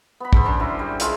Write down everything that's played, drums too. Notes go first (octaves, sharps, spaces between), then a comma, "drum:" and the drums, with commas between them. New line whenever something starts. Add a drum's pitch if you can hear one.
B3 B5
G#4 A4 C5, drum: kick
C#4 D4 A#4 C5
F#3 E4
G3
G#3 E4 F4 A4, drum: hi-hat